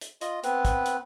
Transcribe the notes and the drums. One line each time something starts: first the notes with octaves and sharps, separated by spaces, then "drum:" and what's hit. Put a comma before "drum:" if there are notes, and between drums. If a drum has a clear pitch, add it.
drum: hi-hat
F4 D#5, drum: hi-hat
B3 C4 B4, drum: hi-hat
drum: kick, hi-hat
drum: hi-hat